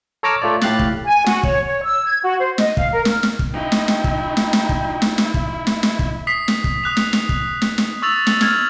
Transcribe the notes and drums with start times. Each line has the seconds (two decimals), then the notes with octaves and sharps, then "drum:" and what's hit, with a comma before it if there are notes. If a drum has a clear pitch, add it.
0.23 A4 C#5 A#5 D6 E6 F6
0.42 A3 F4 C#5 D5
0.61 A2 G4 F5 F6 F#6 A6, drum: snare
0.79 drum: kick
1.06 G#5
1.26 F#4, drum: snare
1.43 C#5, drum: kick
1.66 C#5
1.84 E6
2.05 G#6
2.23 F#4
2.38 C5
2.58 D#5, drum: snare
2.77 F5, drum: kick
2.92 A#4
3.05 F6, drum: snare
3.23 drum: snare
3.39 drum: kick
3.55 D#4 E4 G5
3.72 drum: snare
3.88 drum: snare
4.04 drum: kick
4.37 drum: snare
4.53 drum: snare
4.69 drum: kick
5.02 drum: snare
5.18 drum: snare
5.34 drum: kick
5.67 drum: snare
5.83 drum: snare
5.99 drum: kick
6.27 D#6 B6 C7
6.48 drum: snare
6.64 drum: kick
6.84 D#6 F#6 F7
6.97 drum: snare
7.13 drum: snare
7.29 drum: kick
7.62 drum: snare
7.78 drum: snare
8.02 C#6 E6 A6 F7
8.27 drum: snare
8.41 F6 G#6, drum: snare